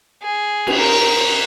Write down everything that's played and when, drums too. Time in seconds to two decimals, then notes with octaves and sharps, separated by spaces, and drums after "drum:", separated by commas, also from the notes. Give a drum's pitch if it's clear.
0.22 G#4
0.67 drum: cymbal
0.79 A#4